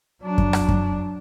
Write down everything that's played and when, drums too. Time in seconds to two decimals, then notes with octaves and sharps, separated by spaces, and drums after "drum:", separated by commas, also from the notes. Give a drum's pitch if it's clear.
0.22 F#3 D4
0.38 drum: kick F#2
0.53 drum: rim click
0.68 drum: kick F#2